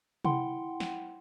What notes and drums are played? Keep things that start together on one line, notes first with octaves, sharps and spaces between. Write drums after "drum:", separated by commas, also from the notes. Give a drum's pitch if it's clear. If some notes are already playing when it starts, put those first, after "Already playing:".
E4 F#5 G5 C6, drum: tom C3
drum: snare